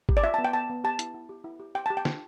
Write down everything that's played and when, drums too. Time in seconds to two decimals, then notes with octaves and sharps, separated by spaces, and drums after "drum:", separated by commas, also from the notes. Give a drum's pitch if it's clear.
0.09 G4, drum: kick G#1
0.17 D5
0.24 F4 E5
0.34 A5
0.38 B3
0.45 G5
0.53 B3 A5
0.70 B3
0.84 G4 A5
0.99 E4, drum: hi-hat
1.14 E4
1.29 G4
1.44 E4
1.60 G4
1.75 G4 G5
1.86 G4 A5
1.97 G5
2.05 F4, drum: snare